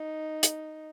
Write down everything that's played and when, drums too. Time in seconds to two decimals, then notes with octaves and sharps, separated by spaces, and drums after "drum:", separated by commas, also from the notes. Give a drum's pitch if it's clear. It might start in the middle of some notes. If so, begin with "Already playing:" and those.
Already playing: D#4
0.43 drum: hi-hat